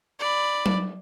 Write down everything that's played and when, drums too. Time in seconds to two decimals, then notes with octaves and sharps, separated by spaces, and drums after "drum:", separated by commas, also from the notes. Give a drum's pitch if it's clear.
0.19 D5 B5
0.66 drum: tom F#3